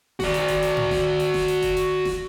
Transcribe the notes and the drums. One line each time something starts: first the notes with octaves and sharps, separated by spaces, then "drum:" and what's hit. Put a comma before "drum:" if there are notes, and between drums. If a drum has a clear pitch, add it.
F#4 D5, drum: snare E1
drum: hi-hat
drum: kick F1, hi-hat
drum: hi-hat
drum: tom G#2
drum: snare E1
drum: hi-hat
drum: snare E1
drum: hi-hat
drum: kick F1, hi-hat
drum: hi-hat
drum: snare E1